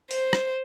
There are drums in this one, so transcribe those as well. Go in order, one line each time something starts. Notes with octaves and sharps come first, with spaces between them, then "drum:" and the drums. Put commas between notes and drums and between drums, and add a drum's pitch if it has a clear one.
C5, drum: open hi-hat
drum: rim click